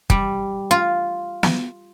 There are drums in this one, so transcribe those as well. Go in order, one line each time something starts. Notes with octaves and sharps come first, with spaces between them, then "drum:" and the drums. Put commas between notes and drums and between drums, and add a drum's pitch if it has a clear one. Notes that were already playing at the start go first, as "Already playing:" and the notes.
G3, drum: kick
F4
drum: snare